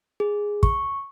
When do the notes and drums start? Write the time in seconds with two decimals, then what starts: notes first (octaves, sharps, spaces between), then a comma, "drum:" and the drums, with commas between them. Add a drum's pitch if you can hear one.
0.20 G#4
0.63 C#6, drum: kick